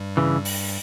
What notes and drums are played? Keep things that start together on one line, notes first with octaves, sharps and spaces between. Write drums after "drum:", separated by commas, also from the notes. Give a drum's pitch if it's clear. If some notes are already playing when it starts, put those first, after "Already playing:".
Already playing: G2 G3
C#3 E3
drum: open hi-hat